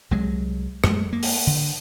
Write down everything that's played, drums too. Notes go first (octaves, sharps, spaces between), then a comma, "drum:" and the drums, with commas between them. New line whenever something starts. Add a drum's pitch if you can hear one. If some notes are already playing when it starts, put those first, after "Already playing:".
C2 C3 F#3 G#3
F#2 G#3 A3, drum: rim click
A#3
drum: open hi-hat
D3